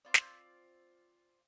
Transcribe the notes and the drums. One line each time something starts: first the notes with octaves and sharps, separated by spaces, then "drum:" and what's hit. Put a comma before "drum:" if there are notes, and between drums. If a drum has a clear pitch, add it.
C4 F4 D5
drum: snare